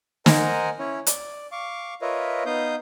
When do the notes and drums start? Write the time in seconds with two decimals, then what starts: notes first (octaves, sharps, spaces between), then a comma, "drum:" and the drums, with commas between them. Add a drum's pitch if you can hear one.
0.26 A#4 C5 D#5 F#5 G#5 A#5, drum: snare
0.79 C#4 E4 C#5
1.07 D5, drum: hi-hat
1.52 F5 C#6 D6
2.02 F4 A#4 B4 C#5 D#5 E5
2.46 B3 D#4 F5 D#6 G6